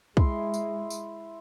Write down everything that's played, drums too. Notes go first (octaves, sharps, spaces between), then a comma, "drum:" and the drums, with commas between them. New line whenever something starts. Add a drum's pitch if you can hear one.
G#3 E4 C6, drum: kick
drum: tambourine
drum: tambourine